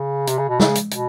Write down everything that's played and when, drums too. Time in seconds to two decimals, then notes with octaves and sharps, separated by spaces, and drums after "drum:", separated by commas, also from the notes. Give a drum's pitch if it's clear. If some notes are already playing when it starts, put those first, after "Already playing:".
Already playing: C#3
0.27 C3, drum: hi-hat
0.38 C#3
0.49 B2
0.60 C#3, drum: snare
0.75 drum: hi-hat
0.91 B2, drum: hi-hat